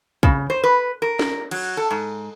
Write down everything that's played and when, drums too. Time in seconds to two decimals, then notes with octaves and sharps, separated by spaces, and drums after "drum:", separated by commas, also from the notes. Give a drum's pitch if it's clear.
0.23 C#3, drum: kick
0.50 C5
0.64 B4
1.02 A#4
1.19 drum: snare
1.51 F#3, drum: cymbal
1.77 A4
1.91 G#2